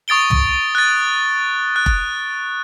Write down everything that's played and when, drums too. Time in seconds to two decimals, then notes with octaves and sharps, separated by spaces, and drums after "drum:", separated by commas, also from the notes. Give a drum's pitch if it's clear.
0.08 C#6 D#6 A6 D7 G7
0.30 drum: tom
0.75 F#6 A6
1.76 F#6
1.86 drum: kick F1